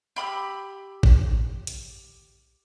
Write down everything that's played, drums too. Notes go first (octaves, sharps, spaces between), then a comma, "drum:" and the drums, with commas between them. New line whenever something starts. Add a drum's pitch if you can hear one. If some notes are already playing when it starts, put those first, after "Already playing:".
G4 B5 D#6 E6
drum: kick G#1
drum: hi-hat